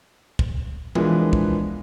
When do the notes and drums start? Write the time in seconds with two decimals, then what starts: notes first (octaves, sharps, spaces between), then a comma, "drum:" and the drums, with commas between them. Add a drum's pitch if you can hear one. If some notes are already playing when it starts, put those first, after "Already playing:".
0.39 drum: kick
0.95 E3 F3 G#3 B3 D4 A#4, drum: tom E3
1.33 drum: kick